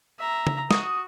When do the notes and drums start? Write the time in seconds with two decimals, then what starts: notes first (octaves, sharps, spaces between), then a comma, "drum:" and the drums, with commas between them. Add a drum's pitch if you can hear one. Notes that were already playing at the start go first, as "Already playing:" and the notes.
0.20 E5 A#5
0.47 drum: tom
0.71 F#4 D#6, drum: snare